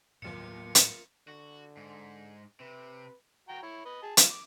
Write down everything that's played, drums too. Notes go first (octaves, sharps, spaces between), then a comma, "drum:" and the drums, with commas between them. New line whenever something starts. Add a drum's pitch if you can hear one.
G1 D#2 A2 F#3 F4 A#4 C#7 E7
drum: hi-hat
D3 F#4
G#2
C3 B4
F#4 G5 A#5
E4 C#5
B4 D#5
G#4 A5
F4, drum: hi-hat
D6